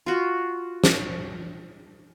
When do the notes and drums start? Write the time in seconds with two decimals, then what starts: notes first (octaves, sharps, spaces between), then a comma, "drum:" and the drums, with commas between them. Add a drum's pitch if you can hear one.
0.06 F4 F#4
0.84 drum: snare